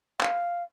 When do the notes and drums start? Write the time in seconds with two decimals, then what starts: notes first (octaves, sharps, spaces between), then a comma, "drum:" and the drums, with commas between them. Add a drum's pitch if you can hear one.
0.20 F5, drum: clap